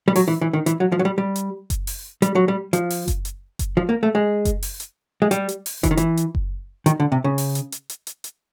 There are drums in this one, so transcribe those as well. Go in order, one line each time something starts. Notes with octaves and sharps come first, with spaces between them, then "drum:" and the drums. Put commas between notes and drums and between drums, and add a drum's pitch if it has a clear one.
G3
F#3, drum: open hi-hat
E3
E3
D#3
E3, drum: hi-hat
F#3
F3
F#3
G3
G3
drum: hi-hat
drum: kick F#1, hi-hat
drum: open hi-hat
G3, drum: hi-hat
F#3
G3
F3, drum: hi-hat
drum: open hi-hat
drum: kick F#1, hi-hat
drum: hi-hat
drum: kick F#1, hi-hat
F3
A#3
A3
G#3
drum: kick F#1, hi-hat
drum: open hi-hat
drum: hi-hat
G#3
G3, drum: hi-hat
drum: hi-hat
drum: open hi-hat
E3, drum: kick F#1, hi-hat
D#3
E3, drum: hi-hat
drum: hi-hat
drum: kick F#1
D#3, drum: hi-hat
D3
C3
C#3
drum: open hi-hat
drum: hi-hat
drum: hi-hat
drum: hi-hat
drum: hi-hat
drum: hi-hat